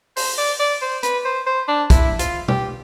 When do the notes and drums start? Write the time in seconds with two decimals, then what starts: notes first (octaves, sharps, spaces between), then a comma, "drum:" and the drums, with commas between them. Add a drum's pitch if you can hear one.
0.16 C5, drum: open hi-hat
0.38 D5
0.60 D5
0.82 C5
1.03 B4, drum: hi-hat
1.25 C5
1.47 C5
1.68 D4
1.90 E4, drum: kick, hi-hat
2.19 F4, drum: hi-hat
2.48 G4, drum: tom B2